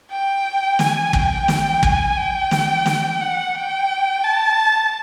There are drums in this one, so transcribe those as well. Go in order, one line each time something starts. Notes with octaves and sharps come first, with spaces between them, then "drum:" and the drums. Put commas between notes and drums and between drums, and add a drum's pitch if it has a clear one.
G5
G#5, drum: snare
G5, drum: kick
drum: snare
G#5, drum: kick
G5
drum: snare
drum: snare
F#5
G5
A5